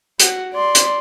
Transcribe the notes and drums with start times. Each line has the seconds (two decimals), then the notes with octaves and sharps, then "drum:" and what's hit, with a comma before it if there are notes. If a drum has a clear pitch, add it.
0.20 F#4, drum: hi-hat
0.53 D5 C6
0.75 drum: hi-hat